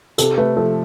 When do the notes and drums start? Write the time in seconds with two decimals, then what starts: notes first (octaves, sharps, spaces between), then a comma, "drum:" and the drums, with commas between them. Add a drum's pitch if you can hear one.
0.18 C3 A4, drum: hi-hat
0.38 A3 B4
0.57 F3 A4